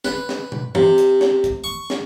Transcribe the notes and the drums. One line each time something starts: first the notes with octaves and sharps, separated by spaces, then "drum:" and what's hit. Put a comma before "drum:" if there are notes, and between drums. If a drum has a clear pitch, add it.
B4, drum: snare
drum: snare
drum: tom
C3, drum: tom
drum: hi-hat
drum: snare
drum: kick, hi-hat
C#6
drum: snare